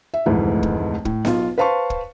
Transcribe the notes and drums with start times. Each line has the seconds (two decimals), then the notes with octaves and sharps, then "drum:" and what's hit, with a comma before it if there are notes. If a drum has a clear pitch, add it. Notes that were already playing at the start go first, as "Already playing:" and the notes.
0.14 E5
0.26 F1 D2 G#2 E3
0.63 drum: kick
1.05 A2, drum: kick
1.25 B1 F4, drum: snare B3
1.58 B4 C5 F5 A5 C6 C#6
1.90 drum: kick